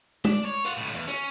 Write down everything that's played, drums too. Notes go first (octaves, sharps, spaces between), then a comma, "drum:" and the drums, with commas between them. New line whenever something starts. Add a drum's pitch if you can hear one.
D4 D5, drum: tom G#3
C#5
F4 F#5, drum: hi-hat
C#2 A2
E2
C#4, drum: hi-hat